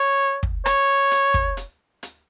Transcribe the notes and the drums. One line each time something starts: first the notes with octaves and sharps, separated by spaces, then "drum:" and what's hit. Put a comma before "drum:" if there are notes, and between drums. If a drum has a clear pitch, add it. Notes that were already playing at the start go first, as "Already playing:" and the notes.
Already playing: C#5
drum: kick
C#5, drum: rim click
drum: hi-hat
drum: kick
drum: hi-hat
drum: hi-hat